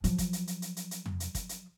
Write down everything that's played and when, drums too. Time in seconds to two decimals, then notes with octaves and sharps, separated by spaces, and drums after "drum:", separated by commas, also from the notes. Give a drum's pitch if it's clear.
0.04 F3 F#3, drum: hi-hat
0.18 drum: kick, hi-hat
0.33 drum: hi-hat
0.47 drum: hi-hat
0.62 drum: hi-hat
0.76 drum: hi-hat
0.91 drum: hi-hat
1.06 drum: tom
1.20 drum: hi-hat
1.35 drum: kick, hi-hat
1.49 drum: hi-hat